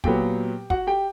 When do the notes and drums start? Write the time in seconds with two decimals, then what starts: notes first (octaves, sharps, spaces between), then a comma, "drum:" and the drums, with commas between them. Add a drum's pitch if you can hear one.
0.04 A#2 F#3 B3 G4 G5, drum: kick
0.70 F#4 F#5, drum: kick
0.87 G4 G5